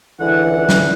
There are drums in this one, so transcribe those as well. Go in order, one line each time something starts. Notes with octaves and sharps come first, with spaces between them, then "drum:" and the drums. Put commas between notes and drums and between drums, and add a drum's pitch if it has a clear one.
C#2 D3 E3 F#5
drum: snare